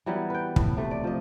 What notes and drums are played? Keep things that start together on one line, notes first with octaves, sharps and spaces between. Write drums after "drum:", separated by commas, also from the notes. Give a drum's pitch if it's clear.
E3 F#3 G3 B3
B4 G5
A2, drum: kick
C3 A3
D5
F3 D#5